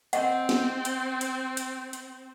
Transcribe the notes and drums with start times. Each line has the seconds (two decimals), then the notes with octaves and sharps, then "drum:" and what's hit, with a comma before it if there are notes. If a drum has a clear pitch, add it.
0.13 C4 D#5 F#5, drum: hi-hat
0.49 drum: snare
0.85 drum: hi-hat
1.21 drum: hi-hat
1.57 drum: hi-hat
1.93 drum: hi-hat